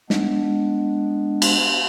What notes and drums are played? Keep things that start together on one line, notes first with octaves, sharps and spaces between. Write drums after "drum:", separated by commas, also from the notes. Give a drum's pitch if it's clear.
G#3 B3 D4, drum: snare
drum: cymbal